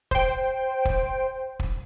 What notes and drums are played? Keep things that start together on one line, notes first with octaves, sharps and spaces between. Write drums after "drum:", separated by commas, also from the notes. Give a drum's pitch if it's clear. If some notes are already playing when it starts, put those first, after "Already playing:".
C5 G5, drum: kick
drum: kick
drum: kick